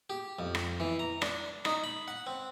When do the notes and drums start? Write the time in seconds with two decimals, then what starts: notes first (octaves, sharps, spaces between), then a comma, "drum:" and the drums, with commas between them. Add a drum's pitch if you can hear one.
0.10 G4
0.39 F2
0.55 drum: rim click
0.80 E3
0.99 A#5
1.22 D4, drum: rim click
1.65 D#4, drum: rim click
1.84 B5
2.08 F#5
2.27 C4